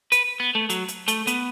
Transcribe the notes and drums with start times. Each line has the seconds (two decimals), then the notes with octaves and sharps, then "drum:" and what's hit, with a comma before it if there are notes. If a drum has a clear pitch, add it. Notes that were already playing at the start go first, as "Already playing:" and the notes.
0.12 B4, drum: hi-hat
0.40 B3
0.55 A3
0.70 F#3, drum: hi-hat
0.88 drum: hi-hat
1.08 A3, drum: hi-hat
1.27 B3, drum: hi-hat